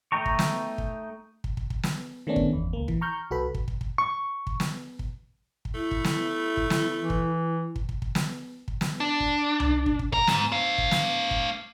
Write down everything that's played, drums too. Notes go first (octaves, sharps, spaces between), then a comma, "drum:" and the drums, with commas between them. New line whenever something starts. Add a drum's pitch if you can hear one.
A3 D#4 G5 A#5 C#6
drum: kick
drum: snare
drum: kick
drum: kick
drum: kick
drum: kick
drum: snare
D#3 A3 B3 C#4 D4
drum: kick
G1 E2
C#2 A#3
E3, drum: kick
A#5 C#6 F6 G6
C2 F#4 A4 B4 B5
drum: kick
drum: kick
drum: kick
C#6
drum: kick
drum: snare
drum: kick
drum: kick
A3 E4
drum: kick
drum: snare
drum: kick
drum: snare
E3
drum: kick
drum: kick
drum: kick
drum: kick
drum: snare
drum: kick
drum: snare
D4
drum: kick
drum: tom C2
drum: kick
drum: kick
A#4 A#5, drum: kick
G#2, drum: snare
A3 F5
drum: kick
drum: snare
drum: kick